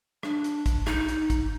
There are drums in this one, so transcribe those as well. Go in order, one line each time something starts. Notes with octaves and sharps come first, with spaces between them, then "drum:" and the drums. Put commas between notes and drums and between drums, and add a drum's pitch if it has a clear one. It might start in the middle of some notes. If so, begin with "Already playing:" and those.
D4, drum: rim click
drum: hi-hat
drum: kick, hi-hat
D#4, drum: rim click
drum: hi-hat
drum: kick, hi-hat